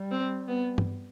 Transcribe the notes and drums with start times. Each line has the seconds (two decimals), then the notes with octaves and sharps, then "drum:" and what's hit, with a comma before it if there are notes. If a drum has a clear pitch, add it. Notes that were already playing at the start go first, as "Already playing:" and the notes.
Already playing: G3
0.11 C4
0.48 B3
0.78 drum: tom G2